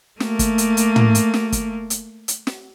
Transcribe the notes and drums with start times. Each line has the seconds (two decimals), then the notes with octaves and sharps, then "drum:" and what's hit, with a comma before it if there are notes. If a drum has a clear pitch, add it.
0.20 A3 A#3, drum: snare
0.39 drum: kick, hi-hat
0.58 drum: hi-hat
0.77 drum: hi-hat
0.96 drum: tom
1.15 drum: hi-hat
1.34 drum: snare
1.52 drum: kick, hi-hat
1.90 drum: hi-hat
2.28 drum: hi-hat
2.47 drum: snare